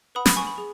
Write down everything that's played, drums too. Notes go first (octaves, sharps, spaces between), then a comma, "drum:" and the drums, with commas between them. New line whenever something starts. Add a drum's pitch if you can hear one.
B4 F#5 B5 D#6
B5 D#6, drum: snare
G#5 C#6
B5
G#4